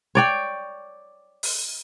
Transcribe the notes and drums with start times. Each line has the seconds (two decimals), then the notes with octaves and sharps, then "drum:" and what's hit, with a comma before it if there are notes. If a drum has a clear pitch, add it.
0.15 C#5 D5 G5
1.43 drum: open hi-hat